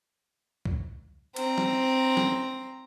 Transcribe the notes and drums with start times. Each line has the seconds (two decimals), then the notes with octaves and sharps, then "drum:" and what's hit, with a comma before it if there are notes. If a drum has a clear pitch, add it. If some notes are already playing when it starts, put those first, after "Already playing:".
0.65 drum: kick
1.36 C4 A#5, drum: cymbal
1.58 drum: snare
2.17 drum: snare